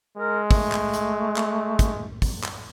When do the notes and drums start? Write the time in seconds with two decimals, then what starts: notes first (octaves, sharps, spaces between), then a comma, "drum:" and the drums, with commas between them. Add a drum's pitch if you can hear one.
0.18 G#3 A#4
0.51 A3, drum: kick, open hi-hat
0.72 drum: clap
0.93 drum: hi-hat
1.36 drum: clap
1.79 drum: kick, hi-hat
2.22 drum: kick, open hi-hat
2.43 drum: clap